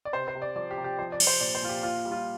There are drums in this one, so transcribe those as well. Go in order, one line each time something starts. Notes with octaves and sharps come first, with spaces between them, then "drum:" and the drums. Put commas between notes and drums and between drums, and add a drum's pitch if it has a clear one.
D5
C3 C5
C5
C3
D5
F3 D5
G4
C3
G4
F3 C5
D5
F3, drum: cymbal
C5
A#2 D5
C5
A#2 F4
G4
A#2 F4
G3
F4